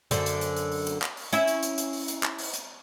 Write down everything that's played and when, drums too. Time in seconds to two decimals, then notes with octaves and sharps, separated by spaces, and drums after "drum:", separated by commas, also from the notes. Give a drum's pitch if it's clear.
0.11 F#2 D3 C5, drum: hi-hat
0.26 drum: hi-hat
0.41 drum: hi-hat
0.56 drum: hi-hat
0.72 drum: open hi-hat
0.87 drum: hi-hat
1.02 drum: clap
1.17 drum: open hi-hat
1.33 C#4 E4 E5, drum: hi-hat
1.47 drum: hi-hat
1.63 drum: hi-hat
1.78 drum: hi-hat
1.93 drum: open hi-hat
2.08 drum: hi-hat
2.23 drum: clap
2.38 drum: open hi-hat
2.54 drum: hi-hat